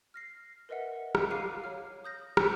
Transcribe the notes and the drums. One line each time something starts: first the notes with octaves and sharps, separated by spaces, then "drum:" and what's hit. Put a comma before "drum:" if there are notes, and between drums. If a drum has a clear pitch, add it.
F6 A#6 C7
A#4 B4 D#5 E5 F#5
drum: rim click
F5 D6 F#6 C7 D#7
C#5 F6
D#6 G6 A#6
drum: rim click